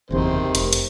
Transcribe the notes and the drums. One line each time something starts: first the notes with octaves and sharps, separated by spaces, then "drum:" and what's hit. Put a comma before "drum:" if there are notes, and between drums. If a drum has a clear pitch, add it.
F#1 E2 C3 D#3 C5
F1, drum: hi-hat
drum: hi-hat